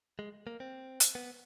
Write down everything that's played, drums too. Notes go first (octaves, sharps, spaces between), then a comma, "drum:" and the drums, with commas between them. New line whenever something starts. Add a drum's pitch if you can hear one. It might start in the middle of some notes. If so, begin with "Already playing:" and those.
G#3
A#3
C4
drum: hi-hat
B3